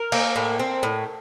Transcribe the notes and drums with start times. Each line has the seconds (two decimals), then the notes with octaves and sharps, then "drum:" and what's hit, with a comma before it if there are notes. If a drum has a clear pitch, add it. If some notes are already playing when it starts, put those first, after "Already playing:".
Already playing: A#4
0.12 A#3, drum: cymbal
0.36 A2
0.59 C4
0.83 A2